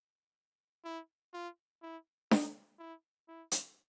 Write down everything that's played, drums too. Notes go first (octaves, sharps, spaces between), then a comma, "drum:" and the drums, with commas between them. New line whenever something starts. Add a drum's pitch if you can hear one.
E4
F4
E4
D#4, drum: snare D4
E4
E4
drum: hi-hat